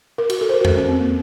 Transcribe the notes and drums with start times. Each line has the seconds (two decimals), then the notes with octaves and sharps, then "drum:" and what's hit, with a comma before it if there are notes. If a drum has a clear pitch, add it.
0.18 A#4
0.30 F#4, drum: cymbal
0.41 A4
0.49 C5
0.54 A#4
0.61 F#4
0.65 A4, drum: tom F2
0.77 C#4
0.89 C4
1.01 A#3